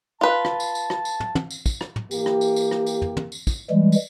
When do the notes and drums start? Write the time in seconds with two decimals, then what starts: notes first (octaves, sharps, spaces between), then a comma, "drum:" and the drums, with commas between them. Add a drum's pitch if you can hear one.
0.21 F4 B4 A5
0.45 drum: rim click
0.60 drum: tambourine
0.75 drum: tambourine
0.90 drum: rim click
1.05 drum: tambourine
1.20 drum: tom
1.35 drum: tom
1.51 drum: tambourine
1.66 drum: kick, tambourine
1.81 drum: rim click
1.96 drum: tom
2.11 E3 A#3 G4, drum: tambourine
2.26 drum: rim click
2.41 drum: tambourine
2.56 drum: tambourine
2.71 drum: rim click
2.87 drum: tambourine
3.02 drum: tom
3.17 drum: tom
3.32 drum: tambourine
3.47 drum: kick, tambourine
3.70 E3 G3 G#3
3.92 drum: tambourine